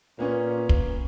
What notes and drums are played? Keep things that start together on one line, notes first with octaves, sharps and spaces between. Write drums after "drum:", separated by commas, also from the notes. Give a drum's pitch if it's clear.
A#2 A#3 B3 C#4
drum: kick